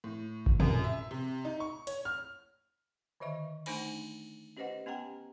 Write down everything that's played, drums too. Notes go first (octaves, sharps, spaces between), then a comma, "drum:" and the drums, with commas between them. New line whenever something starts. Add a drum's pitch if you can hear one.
A2
drum: kick G1
F#2, drum: tom
E5
C3
D#4
C#6
C#5, drum: hi-hat
F6
D3 D#3 C5 D#5 E5 C#6
A3 D4 D#4 C5 G#5 B5, drum: cymbal
C#4 G4 B4 C5 D#5 F#5
B3 C#4 G4 F#5 G5 A#5